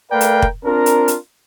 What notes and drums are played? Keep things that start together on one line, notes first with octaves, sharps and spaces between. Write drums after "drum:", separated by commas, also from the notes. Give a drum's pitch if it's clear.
A3 A#4 B4 D5 F5 G5
drum: hi-hat
drum: kick F1
C4 D4 F4 A#4
drum: hi-hat
drum: hi-hat